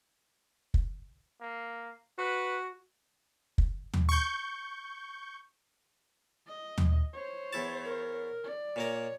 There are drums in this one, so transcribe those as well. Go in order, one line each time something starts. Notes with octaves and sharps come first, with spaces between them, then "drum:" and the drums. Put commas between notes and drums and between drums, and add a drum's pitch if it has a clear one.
drum: kick
A#3
F#4 B4
drum: kick
drum: tom D#2
C#6 G6
D#5
drum: tom D#2
C5 C#5
E2 E4 A5
A#4
D5
A#2 A#3 A#4 C#5